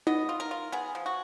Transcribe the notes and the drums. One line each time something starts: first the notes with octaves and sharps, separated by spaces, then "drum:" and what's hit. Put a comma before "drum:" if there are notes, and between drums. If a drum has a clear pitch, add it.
B3 D#5, drum: tom D#4
F4
A#4
F4
B3 G#4
F3
F#4